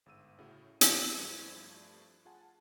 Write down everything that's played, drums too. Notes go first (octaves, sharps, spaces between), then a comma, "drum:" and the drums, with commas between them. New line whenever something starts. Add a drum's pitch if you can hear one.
G1 G#2 E6 D#7
A2 C#3 A3 C#4 E4 F#4
C3 E3 B3 C4 D#4 C5, drum: hi-hat
G2 F3 G3 A3 G#6
F4 G#4 F#5 G#5 A5